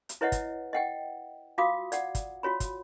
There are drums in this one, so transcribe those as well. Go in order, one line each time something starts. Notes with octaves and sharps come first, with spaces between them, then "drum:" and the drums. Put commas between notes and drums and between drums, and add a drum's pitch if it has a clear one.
drum: hi-hat
E4 B4 C#5 D#5 E5 F#5
drum: kick, hi-hat
D#5 F#5 G5
F4 F#4 F5 D6 D#6
D5 F#5, drum: hi-hat
drum: kick, hi-hat
F4 F#4 C#5 B5
drum: kick, hi-hat